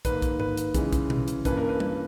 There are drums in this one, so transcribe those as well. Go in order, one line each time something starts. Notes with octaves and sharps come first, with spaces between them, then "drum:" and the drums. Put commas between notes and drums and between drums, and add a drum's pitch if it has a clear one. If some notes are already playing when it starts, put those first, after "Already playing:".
G#2 D#3 A#3 B4, drum: kick, hi-hat
drum: kick, hi-hat
B4, drum: tom G#2
drum: hi-hat
C#3 E3 G#3, drum: kick, hi-hat
drum: kick, hi-hat
drum: tom B2
drum: hi-hat
G2 E3 A#3 C#4 B4, drum: kick, hi-hat
A#4
B4
drum: tom G3